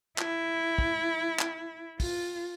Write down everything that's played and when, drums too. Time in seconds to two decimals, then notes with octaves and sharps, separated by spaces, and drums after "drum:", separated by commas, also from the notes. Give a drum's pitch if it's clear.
0.18 E4, drum: clap
0.78 drum: kick
1.39 drum: clap
2.00 F4, drum: kick, open hi-hat